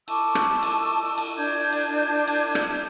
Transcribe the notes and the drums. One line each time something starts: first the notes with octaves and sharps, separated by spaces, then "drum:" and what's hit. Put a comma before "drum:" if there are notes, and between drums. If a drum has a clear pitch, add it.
A5 C#6 D6 E6, drum: cymbal
drum: rim click
drum: cymbal
drum: cymbal
D4 G6 G#6
drum: cymbal
drum: cymbal
drum: rim click